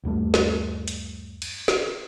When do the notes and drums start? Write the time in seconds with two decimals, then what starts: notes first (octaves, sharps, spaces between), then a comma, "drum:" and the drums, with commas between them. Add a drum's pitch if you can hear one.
0.03 G1 D#2 G3 A3
0.34 drum: snare
0.88 drum: hi-hat
1.42 drum: cymbal
1.68 drum: snare